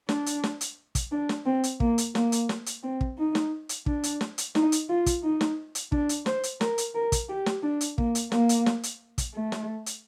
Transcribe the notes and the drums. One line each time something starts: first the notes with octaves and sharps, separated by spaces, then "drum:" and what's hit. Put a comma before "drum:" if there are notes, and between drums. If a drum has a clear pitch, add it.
D4, drum: snare
drum: hi-hat
drum: snare
drum: hi-hat
drum: kick, hi-hat
D4
drum: snare
C4
drum: hi-hat
A#3, drum: kick
drum: hi-hat
A#3, drum: snare
drum: hi-hat
drum: snare
drum: hi-hat
C4
drum: kick
D#4
drum: snare
drum: hi-hat
D4, drum: kick
drum: hi-hat
drum: snare
drum: hi-hat
D#4, drum: snare
drum: hi-hat
F4
drum: kick, hi-hat
D#4
drum: snare
drum: hi-hat
D4, drum: kick
drum: hi-hat
C5, drum: snare
drum: hi-hat
A#4, drum: snare
drum: hi-hat
A#4
drum: kick, hi-hat
G4
drum: snare
D4
drum: hi-hat
A#3, drum: kick
drum: hi-hat
A#3, drum: snare
drum: hi-hat
drum: snare
drum: hi-hat
drum: kick, hi-hat
A3
drum: snare
drum: hi-hat